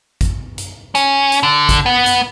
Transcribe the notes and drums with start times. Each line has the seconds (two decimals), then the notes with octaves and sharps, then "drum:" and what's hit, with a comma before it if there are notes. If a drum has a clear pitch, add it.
0.21 drum: kick, hi-hat
0.58 drum: hi-hat
0.95 C#4, drum: hi-hat
1.32 drum: hi-hat
1.43 D3
1.69 drum: kick, hi-hat
1.86 B3
2.06 drum: hi-hat